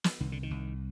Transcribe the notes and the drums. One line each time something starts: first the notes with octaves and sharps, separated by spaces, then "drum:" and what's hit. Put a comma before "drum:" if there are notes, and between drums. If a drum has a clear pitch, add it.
drum: snare
C2 D#3
D3
D#3
C2